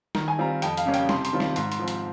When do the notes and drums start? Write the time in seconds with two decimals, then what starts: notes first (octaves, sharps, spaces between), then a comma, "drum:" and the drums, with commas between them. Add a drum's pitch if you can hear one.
0.15 D#3 A#5, drum: snare
0.28 G#5
0.39 G3 C4 F4 A#5
0.62 F2 G5, drum: hi-hat
0.77 F5, drum: hi-hat
0.85 C#3 G3 A#3 C#4
0.94 G5, drum: hi-hat
1.09 C3 C6, drum: snare
1.25 C6, drum: hi-hat
1.32 D#3 G3 C4 F4
1.40 C6, drum: snare
1.56 G#2 C6, drum: hi-hat
1.72 C6, drum: hi-hat
1.79 F3 C4
1.88 C6, drum: hi-hat